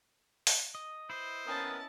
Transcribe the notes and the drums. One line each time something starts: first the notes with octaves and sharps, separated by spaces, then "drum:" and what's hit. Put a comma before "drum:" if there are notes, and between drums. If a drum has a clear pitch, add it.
drum: open hi-hat
D#5
E4 B4 C5 D#5
B3 C#4 A#4 A5 D#6